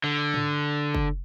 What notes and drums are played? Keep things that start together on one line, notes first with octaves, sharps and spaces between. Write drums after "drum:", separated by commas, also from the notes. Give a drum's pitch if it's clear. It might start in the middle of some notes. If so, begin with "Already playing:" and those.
D3
drum: tom
drum: kick